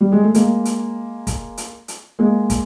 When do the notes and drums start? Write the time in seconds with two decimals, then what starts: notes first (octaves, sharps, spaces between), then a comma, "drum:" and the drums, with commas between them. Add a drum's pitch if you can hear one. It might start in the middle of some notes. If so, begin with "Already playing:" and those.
0.01 G3
0.12 G#3
0.23 A3
0.34 G#3 A#3, drum: hi-hat
0.65 drum: hi-hat
1.27 drum: kick, hi-hat
1.57 drum: hi-hat
1.88 drum: hi-hat
2.19 G#3 A#3
2.50 drum: kick, hi-hat